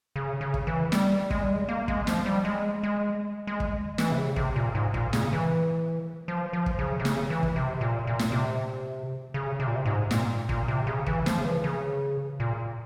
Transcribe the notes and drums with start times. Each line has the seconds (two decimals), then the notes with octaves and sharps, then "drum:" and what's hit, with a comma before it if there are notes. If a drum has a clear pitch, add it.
0.16 C#3
0.41 C#3
0.54 drum: kick
0.67 E3
0.92 G3, drum: snare
1.31 G#3, drum: kick
1.43 G3
1.54 G#3
1.69 A#3
1.88 G#3, drum: kick
2.07 F3, drum: snare
2.26 G3
2.45 G#3
2.83 G#3
3.47 G#3
3.60 drum: kick
3.98 E3, drum: snare
4.12 C3
4.18 C#3
4.36 C3, drum: kick
4.56 A#2
4.75 G#2
4.94 A#2, drum: kick
5.13 C#3, drum: snare
5.33 E3
6.28 F3
6.53 F3
6.66 drum: kick
6.79 C#3
7.00 C3
7.05 C#3, drum: snare
7.30 E3
7.43 drum: kick
7.56 C3
7.81 A#2
8.07 A#2
8.19 drum: snare
8.32 C3
9.34 C#3
9.60 C3
9.67 A#2
9.75 C3
9.86 G#2
10.11 A#2, drum: snare
10.49 A#2, drum: kick
10.68 C3
10.87 C#3
11.06 E3, drum: kick
11.26 F3, drum: snare
11.38 C#3
11.45 E3
11.64 C#3
12.40 A#2